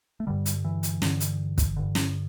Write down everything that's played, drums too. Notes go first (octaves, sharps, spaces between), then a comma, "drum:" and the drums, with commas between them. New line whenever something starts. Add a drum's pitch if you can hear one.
A3
G2 D3 G3
drum: hi-hat
E3
drum: hi-hat
G2 D3, drum: snare
drum: hi-hat
drum: kick, hi-hat
G2 D3
drum: snare